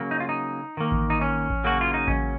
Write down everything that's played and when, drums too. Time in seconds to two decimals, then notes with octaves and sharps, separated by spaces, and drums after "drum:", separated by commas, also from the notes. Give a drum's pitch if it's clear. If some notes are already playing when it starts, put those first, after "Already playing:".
Already playing: C#3 F#3 A#3
0.11 D#4
0.20 F4
0.29 D#4
0.77 D#3 A#3
0.92 drum: kick A1
1.10 D#4
1.21 C#4
1.50 drum: kick A1
1.64 C#3 F#3 A#3 F#4
1.81 F4
1.94 D#4
2.08 C#4, drum: kick A1